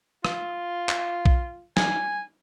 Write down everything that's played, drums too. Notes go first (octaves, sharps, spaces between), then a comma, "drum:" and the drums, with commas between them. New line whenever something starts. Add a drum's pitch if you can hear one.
F4, drum: rim click
drum: clap
drum: kick B1
G#5, drum: snare